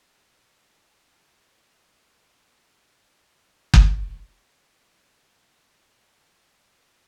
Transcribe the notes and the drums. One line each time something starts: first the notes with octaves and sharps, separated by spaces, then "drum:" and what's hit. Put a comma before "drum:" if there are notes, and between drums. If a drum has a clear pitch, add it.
G#3 C4 D#4
E3 B3
F#4
D2 G2 D3 F4 G#5
drum: kick F#1
D#3 D#4